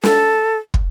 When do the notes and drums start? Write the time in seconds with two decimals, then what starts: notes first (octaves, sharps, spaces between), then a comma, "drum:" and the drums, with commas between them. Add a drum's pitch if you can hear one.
0.03 A4, drum: snare
0.74 drum: kick